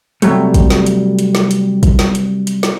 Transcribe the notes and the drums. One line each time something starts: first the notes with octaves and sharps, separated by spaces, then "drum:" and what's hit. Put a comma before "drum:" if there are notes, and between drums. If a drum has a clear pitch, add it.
C3 E3 F#3 G3 A3, drum: hi-hat
drum: kick, hi-hat
drum: snare
drum: hi-hat
drum: hi-hat
drum: snare
drum: hi-hat
drum: kick, hi-hat
drum: snare
drum: hi-hat
drum: hi-hat
drum: snare